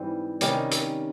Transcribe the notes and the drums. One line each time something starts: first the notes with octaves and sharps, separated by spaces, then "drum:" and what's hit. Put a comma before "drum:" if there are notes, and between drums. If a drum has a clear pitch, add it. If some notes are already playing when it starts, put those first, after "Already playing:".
Already playing: G#2 E3 G3 C4
C3 D#3 G3 C#4, drum: hi-hat
drum: hi-hat